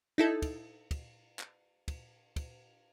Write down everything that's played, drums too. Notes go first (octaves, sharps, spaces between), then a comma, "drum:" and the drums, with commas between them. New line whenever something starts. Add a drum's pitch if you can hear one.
D#4 E4 A4
drum: kick, cymbal
drum: kick, cymbal
drum: clap
drum: kick, cymbal
drum: kick, cymbal